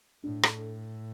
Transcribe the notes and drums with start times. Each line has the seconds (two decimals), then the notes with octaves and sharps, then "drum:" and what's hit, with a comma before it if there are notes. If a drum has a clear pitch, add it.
0.23 A2 D4
0.43 A4, drum: rim click